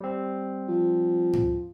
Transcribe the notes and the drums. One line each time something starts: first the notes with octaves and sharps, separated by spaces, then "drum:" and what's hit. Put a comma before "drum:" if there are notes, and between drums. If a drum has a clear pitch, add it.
G3 C4
F3
drum: tom G#2